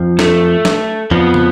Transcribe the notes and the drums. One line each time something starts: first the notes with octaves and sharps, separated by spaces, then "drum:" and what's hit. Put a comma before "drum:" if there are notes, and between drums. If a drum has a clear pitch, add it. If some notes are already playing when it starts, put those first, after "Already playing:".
Already playing: F2 F3
A3, drum: snare
drum: snare
F2 F3 B3
drum: tom